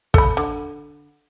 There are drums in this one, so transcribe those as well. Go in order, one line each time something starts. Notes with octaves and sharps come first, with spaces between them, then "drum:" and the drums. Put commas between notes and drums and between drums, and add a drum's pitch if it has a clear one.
A4 B5, drum: kick
D3